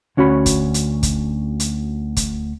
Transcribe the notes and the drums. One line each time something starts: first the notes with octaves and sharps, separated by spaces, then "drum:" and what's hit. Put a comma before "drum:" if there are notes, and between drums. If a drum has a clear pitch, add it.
D2 C#4 F#4 C#5 B5
drum: kick, hi-hat
drum: hi-hat
drum: kick, hi-hat
drum: hi-hat
drum: kick, hi-hat